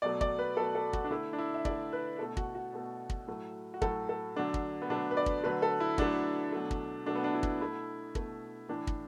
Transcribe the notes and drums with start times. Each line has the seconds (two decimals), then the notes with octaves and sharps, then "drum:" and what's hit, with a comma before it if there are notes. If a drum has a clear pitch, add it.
0.02 B2 F#3 A3 D5
0.21 D5, drum: kick
0.39 B4
0.56 B2 F#3 A3 A4
0.75 A4
0.93 F#4, drum: kick
1.05 D4
1.10 D3 A3 E4
1.33 D4
1.38 E4
1.54 E5
1.65 D3 A3 D5, drum: kick
1.93 B4
2.19 B2 A3 A4
2.37 F#4, drum: kick
2.55 F#4
2.73 B2 A3
3.10 drum: kick
3.27 A2 F#3 A3
3.74 F#4
3.82 A2 F#3 A3 A4, drum: kick
4.09 A4
4.36 D3 F#3 A3 D4
4.54 drum: kick
4.82 B3
4.90 D3 F#3 A3 D4
5.11 B4
5.17 D5
5.26 drum: kick
5.44 D3 F#3 A3 B4
5.62 A4
5.80 E4
5.98 D3 F#3 A3 D4, drum: kick
6.52 B2 F#3 A3
6.71 drum: kick
7.06 B2 F#3 A3 D4
7.15 B3
7.24 D4
7.33 E4
7.43 drum: kick
7.61 B2 A3 E4
8.15 B2 A3, drum: kick
8.69 A2 E3 A3 D4
8.87 drum: kick